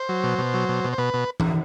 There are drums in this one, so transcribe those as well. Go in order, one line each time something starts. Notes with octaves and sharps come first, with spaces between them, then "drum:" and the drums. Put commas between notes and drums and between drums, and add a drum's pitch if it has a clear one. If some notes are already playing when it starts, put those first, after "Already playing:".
Already playing: C5
F#3
B2
B2
F#3
B2
B2
C5
B2 B4
B2
drum: tom E3